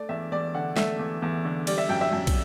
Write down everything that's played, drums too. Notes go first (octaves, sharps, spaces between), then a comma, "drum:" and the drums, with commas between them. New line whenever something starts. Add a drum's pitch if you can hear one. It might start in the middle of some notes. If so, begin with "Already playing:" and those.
Already playing: A3 D5
E2 E5
E2 D5
D3 F#5
A3 E5, drum: snare
E2
E2
D3
G3 D5, drum: cymbal
E5
F#2 G5
E5
F#2
drum: kick, cymbal